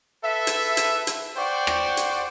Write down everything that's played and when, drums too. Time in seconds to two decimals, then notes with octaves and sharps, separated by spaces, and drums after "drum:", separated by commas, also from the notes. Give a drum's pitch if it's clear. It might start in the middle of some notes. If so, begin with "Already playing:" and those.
0.24 A4 B4 E5
0.47 drum: hi-hat
0.77 drum: hi-hat
1.07 drum: hi-hat
1.37 C5 D5 F#5 G5 C#6
1.67 drum: rim click
1.97 drum: hi-hat